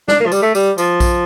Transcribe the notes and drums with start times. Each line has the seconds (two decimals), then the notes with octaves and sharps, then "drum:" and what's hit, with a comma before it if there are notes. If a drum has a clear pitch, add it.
0.08 D4, drum: snare
0.20 A#3
0.26 F3
0.32 G3, drum: tambourine
0.42 A3
0.55 G3, drum: tambourine
0.78 F3, drum: tambourine
1.00 drum: kick A#1, tambourine